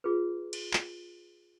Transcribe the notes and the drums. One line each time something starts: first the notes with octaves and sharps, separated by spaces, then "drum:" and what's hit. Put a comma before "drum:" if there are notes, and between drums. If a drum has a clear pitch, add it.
F4 G#4 B4
drum: cymbal
drum: clap